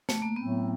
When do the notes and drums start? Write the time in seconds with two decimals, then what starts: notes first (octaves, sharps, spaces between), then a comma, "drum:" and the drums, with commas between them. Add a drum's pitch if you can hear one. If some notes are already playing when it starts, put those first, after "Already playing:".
0.09 A3, drum: snare
0.22 A#3
0.36 A2 F#3 A3 B3 C4